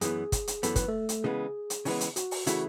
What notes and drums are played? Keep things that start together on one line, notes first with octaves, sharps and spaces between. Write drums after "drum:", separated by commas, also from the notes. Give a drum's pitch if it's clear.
F#2 E3 B3 G#4, drum: hi-hat
drum: kick, hi-hat
drum: hi-hat
F#2 E3 B3 A4, drum: hi-hat
B4, drum: kick, hi-hat
A3 A4
drum: hi-hat
C#3 E3 G#3 B3 G#4
drum: hi-hat
C#3 E3 G#3 B3, drum: open hi-hat
drum: hi-hat
F#4, drum: hi-hat
drum: open hi-hat
C#3 E3 A3 E4 F#4, drum: hi-hat